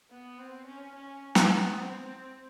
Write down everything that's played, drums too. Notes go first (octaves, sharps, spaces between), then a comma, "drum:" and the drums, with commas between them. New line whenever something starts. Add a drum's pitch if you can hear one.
B3
C4
C#4
C#4
drum: snare
B3
C4